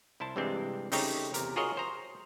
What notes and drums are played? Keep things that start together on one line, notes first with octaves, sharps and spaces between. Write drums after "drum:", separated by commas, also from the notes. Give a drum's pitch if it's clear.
C2 E4 C5 A5
G2 C3 E3 G#3 C4 D4
C#3 A3 C4 D#4 G4 C#5, drum: open hi-hat
E2 C3 A#4, drum: hi-hat
F4 F#4 G#4 A#4 C#5 D#5
C5 A#5